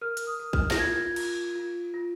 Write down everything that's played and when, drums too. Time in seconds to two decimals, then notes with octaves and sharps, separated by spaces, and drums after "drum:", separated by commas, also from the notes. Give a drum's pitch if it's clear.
0.01 A#4 F6
0.17 drum: hi-hat
0.27 D#6
0.40 A#4
0.53 F6, drum: kick
0.71 A#6, drum: snare
0.78 F4 G#6
1.16 F4, drum: cymbal
1.55 F4
1.94 F4